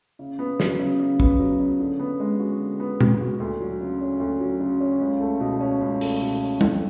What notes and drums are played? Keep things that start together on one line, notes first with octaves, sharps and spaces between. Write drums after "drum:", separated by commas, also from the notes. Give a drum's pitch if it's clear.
C#3
B3
F#3, drum: snare
C#3
C#3
B3, drum: kick
F#3
C#3
D3
B3
G#3
F#4
D3
B3
G#3, drum: tom A#2
F#4
D2
F#3
C#3
C#4
D2
F#3
C#3
C#4
C#2
A3
B2
C#4
C#2
A3, drum: open hi-hat
B2
C#4
F2, drum: tom